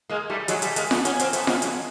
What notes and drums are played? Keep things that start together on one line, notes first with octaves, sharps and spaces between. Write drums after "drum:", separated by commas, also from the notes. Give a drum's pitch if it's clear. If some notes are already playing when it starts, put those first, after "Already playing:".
G#3 A#3
G3 A3
F#3 G#3, drum: hi-hat
G3 A3, drum: hi-hat
G#3 A#3, drum: hi-hat
A3 B3, drum: snare F4
B3 C#4, drum: hi-hat
A#3 C4, drum: hi-hat
A3 B3, drum: hi-hat
G#3 A#3, drum: snare F4
F#3 G#3, drum: hi-hat